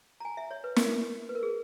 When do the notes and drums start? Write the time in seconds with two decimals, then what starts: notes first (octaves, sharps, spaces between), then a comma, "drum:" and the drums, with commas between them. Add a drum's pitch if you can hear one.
0.20 A#5
0.25 G#5
0.37 E5
0.51 C#5
0.64 B4
0.76 A#4, drum: snare
1.29 B4
1.35 A#4
1.43 G#4